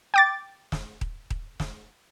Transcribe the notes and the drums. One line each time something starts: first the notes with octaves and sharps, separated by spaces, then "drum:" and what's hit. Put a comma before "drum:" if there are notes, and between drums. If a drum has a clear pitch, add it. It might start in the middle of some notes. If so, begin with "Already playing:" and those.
G5 D6 A6
drum: snare
drum: kick D#1
drum: kick D#1
drum: snare